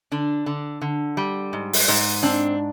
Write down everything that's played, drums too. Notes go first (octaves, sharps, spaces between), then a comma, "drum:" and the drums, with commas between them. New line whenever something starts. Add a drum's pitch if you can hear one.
D3 D4
D3
D3
G3
G#2
drum: open hi-hat
G#2
C4 D4